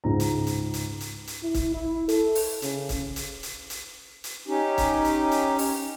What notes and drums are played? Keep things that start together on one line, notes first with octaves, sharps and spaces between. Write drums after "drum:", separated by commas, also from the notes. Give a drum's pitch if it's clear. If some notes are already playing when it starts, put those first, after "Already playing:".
C#2 G#2 A#5
drum: hi-hat
drum: hi-hat
drum: hi-hat
drum: hi-hat
drum: hi-hat
E4
drum: kick C#1, hi-hat
E4
A4, drum: hi-hat
drum: open hi-hat
C#3, drum: hi-hat
drum: kick C#1, hi-hat
drum: hi-hat
drum: hi-hat
drum: hi-hat
drum: hi-hat
C#4 D#4 G4
drum: kick C#1, hi-hat
drum: hi-hat
drum: hi-hat
drum: open hi-hat